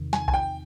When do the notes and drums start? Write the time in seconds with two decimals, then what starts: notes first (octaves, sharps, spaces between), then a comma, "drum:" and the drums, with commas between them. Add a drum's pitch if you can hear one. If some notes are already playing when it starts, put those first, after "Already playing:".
Already playing: E2 C3 D#3
0.13 G#5, drum: snare
0.28 G#5, drum: kick B1
0.34 G5